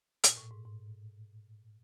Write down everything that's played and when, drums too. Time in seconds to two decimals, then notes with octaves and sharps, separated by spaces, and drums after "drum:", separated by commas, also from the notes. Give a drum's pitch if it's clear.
0.24 A#2, drum: hi-hat
0.37 A2
0.51 G#2
0.65 G#2